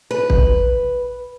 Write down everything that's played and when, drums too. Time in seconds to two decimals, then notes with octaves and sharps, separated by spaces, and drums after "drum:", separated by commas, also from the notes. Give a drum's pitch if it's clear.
0.11 B4
0.30 drum: kick